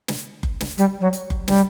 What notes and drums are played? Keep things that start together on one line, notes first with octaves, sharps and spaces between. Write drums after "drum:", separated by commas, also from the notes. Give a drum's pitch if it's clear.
drum: snare
drum: kick F#1
drum: snare
G3, drum: hi-hat
F#3
drum: hi-hat
drum: kick F#1
G3, drum: snare